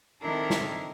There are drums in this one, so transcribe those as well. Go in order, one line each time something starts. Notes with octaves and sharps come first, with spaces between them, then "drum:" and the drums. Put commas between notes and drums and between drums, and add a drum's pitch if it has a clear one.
D#3 C4 D4 E4 A4 A#4
drum: snare